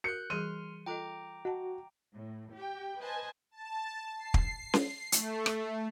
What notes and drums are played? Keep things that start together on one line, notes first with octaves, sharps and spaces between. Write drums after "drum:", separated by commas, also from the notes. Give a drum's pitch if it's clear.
F#4 A#4 F#6 G6 C#7
E3 G3 G#4 C6 F6 D#7
F4 A4 D#5 G5 A#5 D6
F#4 D#5 F#5 A5
A2
G4 G5
B4 C5 D#5 G#5 A5
A5
C7
drum: kick
drum: snare C#4
A3, drum: hi-hat
drum: rim click